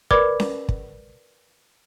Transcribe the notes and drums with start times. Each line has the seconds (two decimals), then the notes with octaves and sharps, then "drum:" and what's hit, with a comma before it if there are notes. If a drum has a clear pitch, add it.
0.11 A#4 B4 D5 B5 D6 G#6, drum: kick
0.40 drum: snare C#4
0.69 drum: kick